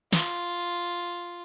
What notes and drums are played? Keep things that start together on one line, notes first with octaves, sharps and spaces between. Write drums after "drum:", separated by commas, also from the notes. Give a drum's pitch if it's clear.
F4, drum: snare